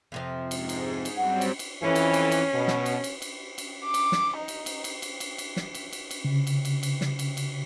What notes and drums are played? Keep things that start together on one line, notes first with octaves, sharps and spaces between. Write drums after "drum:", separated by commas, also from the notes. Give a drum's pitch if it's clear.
F2 C3 F3
G#2, drum: cymbal
drum: cymbal
drum: cymbal
F#3 G3 C4 F#5
drum: cymbal
drum: cymbal
F2 E3 C#4
drum: cymbal
drum: cymbal
drum: cymbal
B2
drum: snare
drum: cymbal
drum: cymbal
drum: cymbal
drum: cymbal
D6
drum: cymbal
drum: snare
D#4
drum: cymbal
drum: cymbal
drum: cymbal
drum: cymbal
drum: cymbal
drum: cymbal
drum: snare
drum: cymbal
drum: cymbal
drum: cymbal
C#3
drum: cymbal
drum: cymbal
drum: cymbal
drum: snare
drum: cymbal
drum: cymbal